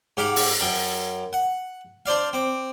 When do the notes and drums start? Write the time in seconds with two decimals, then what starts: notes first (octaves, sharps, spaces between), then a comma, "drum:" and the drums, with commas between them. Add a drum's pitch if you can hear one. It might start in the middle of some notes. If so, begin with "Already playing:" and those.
0.17 G#2 G4 F5 F#5 D6
0.36 drum: open hi-hat
0.61 F#2 G5
1.33 F#5
2.06 D4 C5 D5 F5
2.33 C4 D6